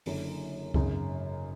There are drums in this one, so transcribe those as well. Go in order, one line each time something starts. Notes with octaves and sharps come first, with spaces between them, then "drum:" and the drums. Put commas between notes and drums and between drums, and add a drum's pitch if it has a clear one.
F#1 F#2 D3, drum: open hi-hat
G#1 F#2 C#3, drum: kick C#2